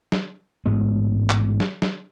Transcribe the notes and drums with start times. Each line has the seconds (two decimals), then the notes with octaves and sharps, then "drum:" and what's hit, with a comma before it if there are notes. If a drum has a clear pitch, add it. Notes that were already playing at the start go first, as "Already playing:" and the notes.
0.12 drum: snare
0.66 A1 G#2 G#3 B3
1.30 drum: clap
1.60 drum: snare
1.82 drum: snare